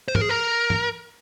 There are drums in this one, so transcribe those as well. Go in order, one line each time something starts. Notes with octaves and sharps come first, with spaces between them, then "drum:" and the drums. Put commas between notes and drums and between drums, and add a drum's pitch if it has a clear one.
C5
A#4, drum: tom G#2
G#4
A#4
drum: tom G#2